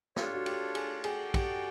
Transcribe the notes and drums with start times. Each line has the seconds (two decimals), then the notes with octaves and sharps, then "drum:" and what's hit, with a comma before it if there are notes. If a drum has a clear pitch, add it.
0.16 D4 F4 G4 A4 C#5, drum: snare
0.34 F#4
0.46 G4, drum: cymbal
0.75 G#4, drum: cymbal
1.04 F#4 G#4 A4 D5 G5, drum: cymbal
1.34 G4, drum: kick, cymbal